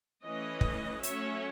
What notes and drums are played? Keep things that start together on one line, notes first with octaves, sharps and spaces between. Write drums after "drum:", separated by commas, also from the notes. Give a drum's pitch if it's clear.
E3 A3 C#4 B4 D#5
drum: kick
F#3 A3 C#4 C#5 E5, drum: hi-hat